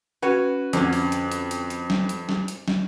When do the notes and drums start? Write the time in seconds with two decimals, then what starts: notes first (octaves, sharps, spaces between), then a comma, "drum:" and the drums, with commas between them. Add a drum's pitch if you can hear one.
0.22 C#4 F#4 B4 C#5
0.73 F2 D3 F#3 C#4, drum: hi-hat
0.93 drum: open hi-hat
1.12 drum: hi-hat
1.32 drum: hi-hat
1.51 drum: hi-hat
1.70 drum: hi-hat
1.90 drum: snare
2.09 drum: hi-hat
2.29 drum: snare
2.48 drum: hi-hat
2.68 drum: snare